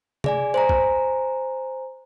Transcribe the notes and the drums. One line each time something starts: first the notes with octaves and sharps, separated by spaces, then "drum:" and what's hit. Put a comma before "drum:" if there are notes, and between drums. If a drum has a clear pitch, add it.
G#4 D5 G#5, drum: tom C3
C5 G#5 A#5
drum: kick B1